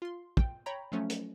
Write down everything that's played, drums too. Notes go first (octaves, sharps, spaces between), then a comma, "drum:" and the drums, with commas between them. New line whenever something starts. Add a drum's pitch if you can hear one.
F4 C6
G5, drum: kick
C#5 G5 A#5 B5
F3 F#3 A3 C#4
drum: hi-hat